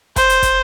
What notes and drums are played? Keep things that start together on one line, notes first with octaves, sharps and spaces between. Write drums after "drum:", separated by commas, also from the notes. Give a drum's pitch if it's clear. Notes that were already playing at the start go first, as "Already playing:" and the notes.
C5, drum: kick, hi-hat
drum: hi-hat
drum: kick, hi-hat